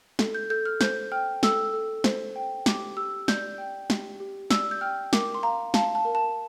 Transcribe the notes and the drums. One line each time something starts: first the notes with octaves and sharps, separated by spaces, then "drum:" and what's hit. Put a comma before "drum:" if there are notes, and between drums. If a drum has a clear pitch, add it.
A4, drum: snare
G6
A4 G6
F6
C5 G6, drum: snare
G5 F6
A4 E6, drum: snare
A4
C5, drum: snare
G5
G4 D6, drum: snare
G4 E6
D5 G6, drum: snare
G5
G4, drum: snare
G4
D5 E6, drum: snare
G6
G5 F6
A#4 D6, drum: snare
C6
F5 A#5
F5 A5, drum: snare
A5
A#4
A5